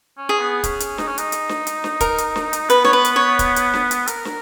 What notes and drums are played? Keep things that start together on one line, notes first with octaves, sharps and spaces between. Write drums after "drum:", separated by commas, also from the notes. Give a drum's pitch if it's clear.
C#4
G#4
B3
C#4, drum: kick, hi-hat
drum: hi-hat
D#4, drum: snare
C#4
D#4, drum: hi-hat
drum: hi-hat
drum: snare
drum: hi-hat
drum: snare
A#4, drum: kick, hi-hat
drum: hi-hat
drum: snare
drum: hi-hat
B3 B4, drum: hi-hat
C#5, drum: snare
B4
drum: hi-hat
C#5
drum: kick, hi-hat
drum: hi-hat
drum: snare
drum: hi-hat
A#4, drum: hi-hat
drum: snare